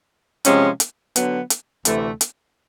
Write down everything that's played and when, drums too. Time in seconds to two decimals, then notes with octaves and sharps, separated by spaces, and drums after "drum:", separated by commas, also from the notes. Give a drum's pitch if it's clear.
0.45 C3 F3 G#3 C#4, drum: hi-hat
0.80 drum: hi-hat
1.16 D3 F#3 B3, drum: hi-hat
1.50 drum: hi-hat
1.85 D2 C3 E3 A3, drum: hi-hat
2.21 drum: hi-hat